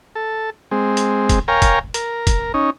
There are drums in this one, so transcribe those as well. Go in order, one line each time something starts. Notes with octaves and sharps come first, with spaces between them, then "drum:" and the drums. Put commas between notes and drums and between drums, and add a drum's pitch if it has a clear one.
A4
G#3 C4
drum: hi-hat
drum: kick, hi-hat
A#4 C#5 F5 G5 G#5 A#5
drum: kick, hi-hat
A#4, drum: hi-hat
drum: kick, hi-hat
C#4 D#4